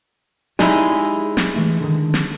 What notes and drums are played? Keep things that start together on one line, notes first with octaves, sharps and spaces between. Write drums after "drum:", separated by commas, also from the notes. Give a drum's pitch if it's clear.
G#3 D#4 E4 G4 G#4 D5, drum: snare
drum: snare
E3 A3
D3 D#3
drum: snare